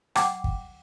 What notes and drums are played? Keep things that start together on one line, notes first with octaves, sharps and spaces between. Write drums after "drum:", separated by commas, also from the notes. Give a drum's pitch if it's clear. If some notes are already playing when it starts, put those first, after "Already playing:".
F#5 G5 D6, drum: rim click
drum: kick